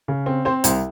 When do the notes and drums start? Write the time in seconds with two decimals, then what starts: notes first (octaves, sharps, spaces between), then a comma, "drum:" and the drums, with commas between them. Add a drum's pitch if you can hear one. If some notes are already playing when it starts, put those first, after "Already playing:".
0.08 C#3
0.26 C4
0.45 C4 C5
0.64 C2 C5, drum: hi-hat